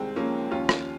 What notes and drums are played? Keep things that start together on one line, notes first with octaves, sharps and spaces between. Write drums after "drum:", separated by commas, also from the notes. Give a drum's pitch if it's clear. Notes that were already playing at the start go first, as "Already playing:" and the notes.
Already playing: C2 D#3 G#3 C4
F3 A#3 C#4
D#2 C#4 F4
drum: rim click